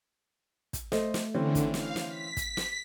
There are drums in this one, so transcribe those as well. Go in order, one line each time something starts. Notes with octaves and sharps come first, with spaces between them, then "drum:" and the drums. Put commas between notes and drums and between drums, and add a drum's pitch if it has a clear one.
drum: kick, hi-hat
A3 C5 D#5, drum: snare
drum: snare
D3 E3 C4 C#4
drum: kick, hi-hat
F5, drum: snare
drum: snare
B6
drum: kick, hi-hat
drum: snare